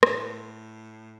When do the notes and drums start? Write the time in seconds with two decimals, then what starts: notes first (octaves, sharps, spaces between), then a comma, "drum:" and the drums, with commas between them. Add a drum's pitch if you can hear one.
0.03 G2, drum: rim click
0.12 A2